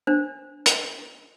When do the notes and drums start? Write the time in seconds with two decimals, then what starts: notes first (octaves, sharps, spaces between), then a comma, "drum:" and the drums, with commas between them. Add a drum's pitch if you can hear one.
0.07 D4 C5
0.66 drum: hi-hat